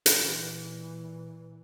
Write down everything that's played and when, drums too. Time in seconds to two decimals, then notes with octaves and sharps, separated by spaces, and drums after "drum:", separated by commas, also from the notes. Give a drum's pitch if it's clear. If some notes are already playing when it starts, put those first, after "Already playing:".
0.06 drum: hi-hat
0.17 A#2 E3